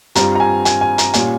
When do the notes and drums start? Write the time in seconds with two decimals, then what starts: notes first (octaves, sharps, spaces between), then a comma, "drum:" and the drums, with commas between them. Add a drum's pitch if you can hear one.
0.15 G2 G3 C4 F4 A#5, drum: hi-hat
0.35 A#5
0.40 G#5
0.65 G#5, drum: hi-hat
0.81 G#5
0.98 A#5, drum: hi-hat
1.14 A#2 G3 C#4 F4 G#5, drum: hi-hat